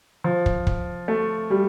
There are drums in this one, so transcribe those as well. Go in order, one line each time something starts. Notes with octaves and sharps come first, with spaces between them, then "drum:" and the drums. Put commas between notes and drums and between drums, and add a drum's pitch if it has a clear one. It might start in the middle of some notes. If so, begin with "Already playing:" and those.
F3
drum: kick
drum: kick
A3
G3